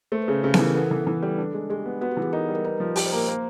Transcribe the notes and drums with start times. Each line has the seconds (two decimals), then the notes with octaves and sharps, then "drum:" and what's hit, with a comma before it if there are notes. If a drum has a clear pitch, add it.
0.12 A3 C5
0.22 B4
0.28 C#3 C5
0.43 C#3 G4
0.54 B4, drum: snare B3
0.59 E3
0.65 A#4
0.75 B3 A4
0.91 E3 B4
1.07 E3 B4
1.22 G3 A4
1.38 D4
1.54 G#3
1.70 G#3 G4
1.85 B3
2.01 B3 F#4
2.11 G4
2.17 E3
2.22 G#4
2.33 D#4 A#4
2.48 G3
2.55 A#4
2.64 D#4 B4
2.80 F3
2.96 G4, drum: open hi-hat
3.07 C5
3.12 A#3 A#4
3.27 A#3 C5